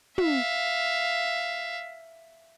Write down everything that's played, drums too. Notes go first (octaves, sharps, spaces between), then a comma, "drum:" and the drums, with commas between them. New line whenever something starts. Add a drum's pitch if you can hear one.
E5 F5, drum: tom